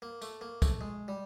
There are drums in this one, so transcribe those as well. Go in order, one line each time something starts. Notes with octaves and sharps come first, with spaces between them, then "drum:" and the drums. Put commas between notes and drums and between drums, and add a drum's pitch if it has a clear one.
A#3
A3, drum: tambourine
A#3
A3, drum: kick, tambourine
G#3
G3